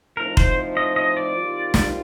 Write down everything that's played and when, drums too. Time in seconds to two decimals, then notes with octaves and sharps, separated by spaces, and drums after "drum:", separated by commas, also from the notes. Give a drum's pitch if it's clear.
0.17 A2 F3 A3 C4 D#4 A#4
0.37 C5, drum: kick F1
0.77 D#5
0.96 D#5
1.17 D5
1.36 D#3 G3 C4 F4
1.74 drum: snare